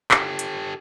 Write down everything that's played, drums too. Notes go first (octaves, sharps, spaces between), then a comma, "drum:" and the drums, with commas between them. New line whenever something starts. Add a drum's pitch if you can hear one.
G4 A4, drum: clap
drum: hi-hat